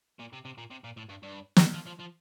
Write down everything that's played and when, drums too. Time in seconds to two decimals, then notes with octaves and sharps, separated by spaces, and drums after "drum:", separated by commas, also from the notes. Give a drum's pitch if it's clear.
0.19 A#2
0.33 C3
0.45 C3
0.58 A#2
0.71 C3
0.84 A#2
0.97 A2
1.09 G2
1.23 G2
1.57 drum: snare
1.74 F3
1.86 F3
1.99 F3